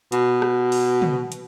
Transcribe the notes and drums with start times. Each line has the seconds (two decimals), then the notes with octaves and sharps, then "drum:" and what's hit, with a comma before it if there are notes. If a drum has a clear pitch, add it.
0.12 B2, drum: hi-hat
0.42 drum: rim click
0.72 drum: open hi-hat
1.02 drum: tom
1.32 drum: hi-hat